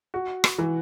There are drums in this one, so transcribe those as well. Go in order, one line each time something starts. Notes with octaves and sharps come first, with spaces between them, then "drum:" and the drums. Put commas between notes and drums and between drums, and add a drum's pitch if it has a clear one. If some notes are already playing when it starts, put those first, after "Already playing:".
F#4
drum: rim click
E3